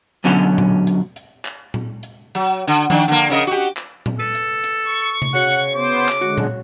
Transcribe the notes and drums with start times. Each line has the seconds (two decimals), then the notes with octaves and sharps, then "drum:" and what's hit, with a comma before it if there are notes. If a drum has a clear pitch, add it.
0.24 F#2 B2 D3 F#3 C#4
0.58 drum: tom A#2
0.87 drum: hi-hat
1.16 drum: hi-hat
1.45 drum: clap
1.74 drum: tom A#2
2.03 drum: hi-hat
2.35 F#3, drum: hi-hat
2.68 D3
2.90 D#3 D4, drum: tom F3
3.08 D3 A#3
3.19 drum: hi-hat
3.30 C#3 A#4 D#5
3.47 F#4 G4, drum: hi-hat
3.77 drum: clap
4.06 drum: tom A#2
4.19 A4 B4
4.35 drum: hi-hat
4.64 drum: hi-hat
4.86 C#6
5.22 drum: tom C3
5.34 C#3 F#4 F#5
5.51 drum: hi-hat
5.75 B3 C5 D6
6.09 drum: clap
6.21 D3 G#3 F#4 C#6
6.38 drum: tom A#2